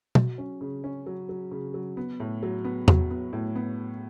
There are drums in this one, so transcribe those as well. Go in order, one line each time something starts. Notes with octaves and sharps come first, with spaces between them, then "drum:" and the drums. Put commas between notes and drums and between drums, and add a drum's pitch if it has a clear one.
F#3, drum: tom B2
C#4
C#3
C#4
F#3
F#3
C#3
F#3
B3
A2
F#3
B3
F#3, drum: tom E2
B3
A2
B3